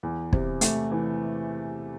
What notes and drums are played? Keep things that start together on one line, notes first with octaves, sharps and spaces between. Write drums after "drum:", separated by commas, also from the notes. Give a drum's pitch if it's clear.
E2
C3, drum: kick
A3, drum: hi-hat
E3